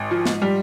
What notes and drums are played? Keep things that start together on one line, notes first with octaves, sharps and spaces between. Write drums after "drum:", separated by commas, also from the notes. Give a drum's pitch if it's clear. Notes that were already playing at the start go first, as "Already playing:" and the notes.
Already playing: G#1
F3
G#2 F3, drum: snare
G3